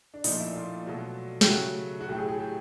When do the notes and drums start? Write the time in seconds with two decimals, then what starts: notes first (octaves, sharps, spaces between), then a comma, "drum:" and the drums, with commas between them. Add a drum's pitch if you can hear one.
0.14 D4
0.24 A#2 F3 A3 D#4, drum: open hi-hat
0.39 E4
0.55 F4
0.86 B2 F#3 A3
1.41 G4, drum: snare
1.46 C#3 F#3 A3 F#4
2.01 F#4
2.09 A2 F#3 A3 G4
2.18 G#4
2.28 G#4
2.39 G4